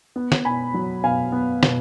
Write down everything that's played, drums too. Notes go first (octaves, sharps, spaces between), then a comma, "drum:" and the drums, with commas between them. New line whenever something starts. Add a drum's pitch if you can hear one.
B3
drum: snare
B2 G#5 B5
F#3
B2 F5 G#5
B3
B2, drum: snare